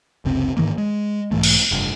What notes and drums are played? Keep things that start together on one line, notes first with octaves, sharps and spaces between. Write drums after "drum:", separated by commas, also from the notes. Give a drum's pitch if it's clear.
F#1 C#2 C3 C4
G#2 D#3 E3 A#3
G#3
B1 G#2 E3 A3
drum: cymbal
F1 G2